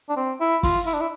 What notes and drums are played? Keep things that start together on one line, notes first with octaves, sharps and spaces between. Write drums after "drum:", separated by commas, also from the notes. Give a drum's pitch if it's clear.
D4
C4
E4
F4, drum: kick, open hi-hat
E4
D4
E4